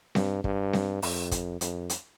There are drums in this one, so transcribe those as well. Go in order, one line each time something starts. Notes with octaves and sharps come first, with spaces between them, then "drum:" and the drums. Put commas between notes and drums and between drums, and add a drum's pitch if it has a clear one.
G2, drum: snare C4
G2, drum: kick
drum: snare C4
F2, drum: open hi-hat
drum: kick, hi-hat
F2, drum: hi-hat
drum: hi-hat